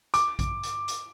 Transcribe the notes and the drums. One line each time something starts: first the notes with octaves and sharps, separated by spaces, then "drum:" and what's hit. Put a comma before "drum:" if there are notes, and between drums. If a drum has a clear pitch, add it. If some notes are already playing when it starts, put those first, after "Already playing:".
D6, drum: hi-hat
drum: kick A#1, hi-hat
drum: hi-hat
drum: hi-hat